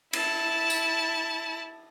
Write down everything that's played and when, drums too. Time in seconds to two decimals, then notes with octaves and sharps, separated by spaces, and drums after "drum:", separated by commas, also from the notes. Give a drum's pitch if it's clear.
0.13 E4 A5, drum: cymbal
0.70 drum: tambourine